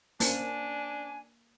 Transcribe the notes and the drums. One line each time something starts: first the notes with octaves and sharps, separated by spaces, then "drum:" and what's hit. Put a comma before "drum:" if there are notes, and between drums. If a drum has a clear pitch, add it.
A#3 C#4 D4 C5 G#5 A5, drum: open hi-hat